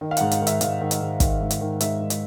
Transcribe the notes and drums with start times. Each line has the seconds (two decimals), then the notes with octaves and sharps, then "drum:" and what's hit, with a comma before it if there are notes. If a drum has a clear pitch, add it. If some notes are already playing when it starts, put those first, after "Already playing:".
0.01 D#3
0.11 F5
0.17 G#2 F#5, drum: hi-hat
0.31 F5, drum: hi-hat
0.41 D#3
0.47 E5, drum: hi-hat
0.61 G#2 F5, drum: hi-hat
0.81 D#3
0.91 drum: hi-hat
1.01 G#2
1.20 D#3, drum: kick, hi-hat
1.41 G#2
1.51 drum: hi-hat
1.61 D#3
1.81 G#2 E5, drum: hi-hat
2.01 D#3
2.10 drum: hi-hat